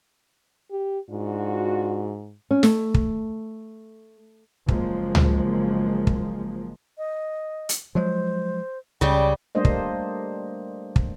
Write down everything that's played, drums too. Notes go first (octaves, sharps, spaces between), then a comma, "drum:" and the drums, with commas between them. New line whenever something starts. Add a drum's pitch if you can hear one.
G4
G#2 D4 F4 F#4
C#4
A3, drum: snare
drum: kick
F#1 F3 G#3 A#3, drum: kick
drum: tom C#2
drum: kick
D#5
drum: hi-hat
F3 F#3 G#3 C5
C#2 C#3 G3 G4 G5
G3 A3 A#3 D4 C5 D#5
drum: kick
drum: kick